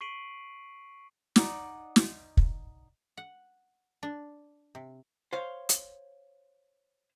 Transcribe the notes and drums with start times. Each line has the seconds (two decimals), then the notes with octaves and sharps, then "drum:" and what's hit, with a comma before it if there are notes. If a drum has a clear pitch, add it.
0.01 C#6 B6 C7 D7 D#7 F#7
1.36 D#4 D5 F#5 D6, drum: snare
1.96 drum: snare
2.37 drum: kick
3.17 F#5
4.03 D4
4.75 C3
5.33 C5 C#5 F5
5.69 drum: hi-hat